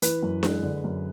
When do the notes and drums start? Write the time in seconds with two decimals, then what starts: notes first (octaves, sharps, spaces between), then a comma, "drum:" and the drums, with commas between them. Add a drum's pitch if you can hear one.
0.02 E3 B4, drum: hi-hat
0.23 F#2
0.43 G#3, drum: snare D4
0.63 D3
0.84 F#2